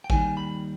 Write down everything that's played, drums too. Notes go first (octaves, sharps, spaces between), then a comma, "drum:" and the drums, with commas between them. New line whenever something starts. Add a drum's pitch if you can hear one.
G5
D#2 D#3 G3 G#5, drum: kick A1
B5